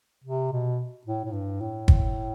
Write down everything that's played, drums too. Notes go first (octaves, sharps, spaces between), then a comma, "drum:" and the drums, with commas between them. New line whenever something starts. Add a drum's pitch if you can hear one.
C3
B2
A2
A2
G2
A2
drum: kick